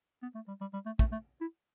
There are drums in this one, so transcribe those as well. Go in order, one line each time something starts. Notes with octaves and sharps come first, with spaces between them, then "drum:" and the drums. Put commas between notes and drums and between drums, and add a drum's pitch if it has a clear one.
B3
A3
G3
G3
G3
A3
A3, drum: kick
A3
E4